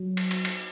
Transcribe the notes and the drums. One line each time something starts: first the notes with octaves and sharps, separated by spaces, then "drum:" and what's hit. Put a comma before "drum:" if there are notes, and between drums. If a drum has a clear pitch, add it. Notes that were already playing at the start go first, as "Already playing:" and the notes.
Already playing: F#3
drum: cymbal
drum: cymbal
drum: cymbal